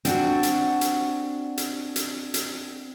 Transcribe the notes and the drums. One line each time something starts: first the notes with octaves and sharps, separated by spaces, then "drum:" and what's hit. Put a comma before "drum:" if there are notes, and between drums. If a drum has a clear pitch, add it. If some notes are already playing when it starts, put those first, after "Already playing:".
C4 D4 F#4, drum: hi-hat
drum: hi-hat
drum: hi-hat
drum: hi-hat
drum: hi-hat
drum: hi-hat